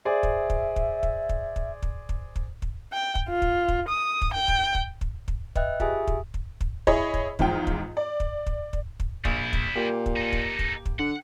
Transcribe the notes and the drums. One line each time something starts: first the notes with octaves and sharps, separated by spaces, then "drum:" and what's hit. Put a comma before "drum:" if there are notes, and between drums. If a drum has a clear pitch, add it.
G#4 C5 D5 E5
drum: kick
drum: kick
drum: kick
drum: kick
drum: kick
drum: kick
drum: kick
drum: kick
drum: kick
drum: kick
G5
drum: kick
F4
drum: kick
drum: kick
D#6
drum: kick
G5
drum: kick
drum: kick
drum: kick
drum: kick
B4 D#5 E5 G5 F#6, drum: kick
F4 G4 G#4 E5 G#5 D#6, drum: kick
drum: kick
drum: kick
drum: kick
E4 G#4 C#5 D#5 B5, drum: kick
drum: kick
E2 G#2 F3 F4 G5, drum: kick
drum: kick
D5
drum: kick
drum: kick
drum: kick
drum: kick
A#1 G3 E4, drum: kick
drum: kick
A#2 A#3 G4
drum: kick
D#4 A4
drum: kick
drum: kick
drum: kick
D3 F#5